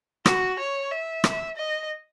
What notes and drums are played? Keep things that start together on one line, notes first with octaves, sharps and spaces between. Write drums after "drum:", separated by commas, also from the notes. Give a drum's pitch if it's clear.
F#4, drum: rim click
C#5
E5
drum: rim click
D#5